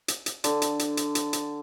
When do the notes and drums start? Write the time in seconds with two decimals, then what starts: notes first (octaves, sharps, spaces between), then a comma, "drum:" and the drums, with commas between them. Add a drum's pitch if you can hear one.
0.08 drum: hi-hat
0.26 drum: hi-hat
0.44 D3, drum: hi-hat
0.62 drum: hi-hat
0.79 drum: hi-hat
0.97 drum: hi-hat
1.15 drum: hi-hat
1.33 drum: hi-hat